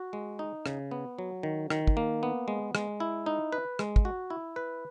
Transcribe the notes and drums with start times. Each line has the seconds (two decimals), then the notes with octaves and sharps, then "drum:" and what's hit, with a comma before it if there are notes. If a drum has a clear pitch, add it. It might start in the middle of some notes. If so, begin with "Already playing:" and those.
Already playing: F#4
0.13 G#3
0.39 D#4
0.66 C#3, drum: rim click
0.91 B3
1.19 F#3
1.43 D#3
1.70 D#3, drum: rim click
1.87 drum: kick
1.97 A#3
2.23 B3
2.48 G#3
2.75 G#3, drum: rim click
3.00 E4
3.26 D#4
3.52 B4
3.79 G#3, drum: rim click
3.96 drum: kick
4.05 F#4
4.30 E4
4.56 B4